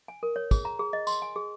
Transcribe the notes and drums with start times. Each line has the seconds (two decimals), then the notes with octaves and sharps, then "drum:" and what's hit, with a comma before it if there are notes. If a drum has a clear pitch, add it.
0.08 G#5
0.23 A#4
0.36 C#5
0.51 G#4, drum: kick, tambourine
0.65 A#5
0.79 G#4
0.93 D#5
1.07 C6, drum: tambourine
1.22 G#5
1.36 G#4